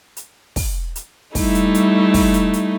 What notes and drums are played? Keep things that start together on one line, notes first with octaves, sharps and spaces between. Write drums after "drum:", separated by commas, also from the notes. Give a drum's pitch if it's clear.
drum: hi-hat
drum: kick, open hi-hat
drum: hi-hat
G3 A3 D#4 E4, drum: kick, open hi-hat
drum: hi-hat
drum: hi-hat
drum: kick, open hi-hat
drum: hi-hat
drum: hi-hat